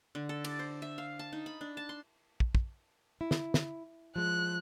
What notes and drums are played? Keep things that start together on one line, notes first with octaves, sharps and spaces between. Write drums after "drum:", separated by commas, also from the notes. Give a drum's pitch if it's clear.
D3
A4
D5, drum: cymbal
C5
E5
F5
A5
D#4
B5
D4
A5
C6
drum: kick
drum: kick
E4
drum: snare
drum: snare
F3 G#3 F#6